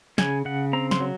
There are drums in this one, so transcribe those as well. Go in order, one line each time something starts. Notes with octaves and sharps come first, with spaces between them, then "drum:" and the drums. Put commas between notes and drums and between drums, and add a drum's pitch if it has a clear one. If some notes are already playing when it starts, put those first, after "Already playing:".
C#3 G#5, drum: snare
C#3 F#5
C4 A#5
C6, drum: snare
F#3